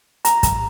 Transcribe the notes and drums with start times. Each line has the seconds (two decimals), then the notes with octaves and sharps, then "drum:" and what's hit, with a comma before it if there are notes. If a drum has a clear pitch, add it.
0.25 A#5, drum: hi-hat
0.43 drum: kick, hi-hat